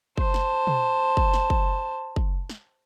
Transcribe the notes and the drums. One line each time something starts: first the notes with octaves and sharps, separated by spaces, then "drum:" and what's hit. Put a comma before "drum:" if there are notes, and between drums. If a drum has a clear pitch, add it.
C5 A5, drum: kick
drum: snare
drum: tom
drum: kick
drum: snare
drum: kick
drum: kick
drum: snare